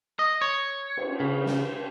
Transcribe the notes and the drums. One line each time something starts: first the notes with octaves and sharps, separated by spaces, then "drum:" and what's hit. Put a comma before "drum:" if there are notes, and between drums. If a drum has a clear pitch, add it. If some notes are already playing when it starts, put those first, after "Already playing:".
D#5
C#5
drum: cymbal
C#3
drum: snare